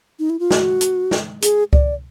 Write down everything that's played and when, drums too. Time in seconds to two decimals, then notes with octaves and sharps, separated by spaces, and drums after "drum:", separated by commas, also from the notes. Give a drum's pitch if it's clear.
0.19 D#4
0.30 E4
0.39 F4
0.51 F#4, drum: snare
0.81 drum: hi-hat
1.11 drum: snare
1.42 G#4, drum: hi-hat
1.73 D5, drum: kick C#2